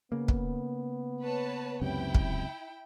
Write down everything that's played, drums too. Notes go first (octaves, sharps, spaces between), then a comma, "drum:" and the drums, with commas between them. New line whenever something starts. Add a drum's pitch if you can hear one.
C#3 A#3 B3
drum: kick
B4 C#5 A5
C#2 F#2 C3 E4 G5
drum: kick